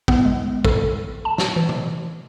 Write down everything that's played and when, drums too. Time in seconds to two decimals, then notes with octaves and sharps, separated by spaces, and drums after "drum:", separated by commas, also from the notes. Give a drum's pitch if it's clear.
0.08 B3, drum: kick
0.25 G#3
0.65 A4, drum: kick
1.25 A5
1.38 drum: snare
1.56 E3
1.69 drum: tom